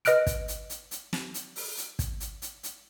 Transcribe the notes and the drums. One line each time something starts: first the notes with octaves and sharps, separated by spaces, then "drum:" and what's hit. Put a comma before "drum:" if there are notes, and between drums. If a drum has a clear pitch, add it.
B4 D#5 F6 F#6 D7, drum: hi-hat
drum: kick, hi-hat
drum: hi-hat
drum: hi-hat
drum: hi-hat
drum: snare
drum: hi-hat
drum: open hi-hat
drum: hi-hat
drum: kick, hi-hat
drum: hi-hat
drum: hi-hat
drum: hi-hat